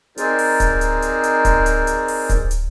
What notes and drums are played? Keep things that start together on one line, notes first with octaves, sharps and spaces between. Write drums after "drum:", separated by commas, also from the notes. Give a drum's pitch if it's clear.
C4 D#4 G#4 A#4 C5 D5, drum: hi-hat
drum: open hi-hat
drum: kick D1, hi-hat
drum: hi-hat
drum: hi-hat
drum: hi-hat
drum: kick D1, hi-hat
drum: hi-hat
drum: hi-hat
drum: open hi-hat
drum: kick D1, hi-hat
drum: hi-hat